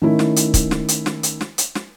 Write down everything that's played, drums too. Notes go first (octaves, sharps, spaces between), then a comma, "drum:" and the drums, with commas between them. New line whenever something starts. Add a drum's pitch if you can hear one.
D#3 A3 C#4 E4
drum: snare
drum: hi-hat
drum: kick, hi-hat
drum: snare
drum: hi-hat
drum: snare
drum: hi-hat
drum: snare
drum: hi-hat
drum: snare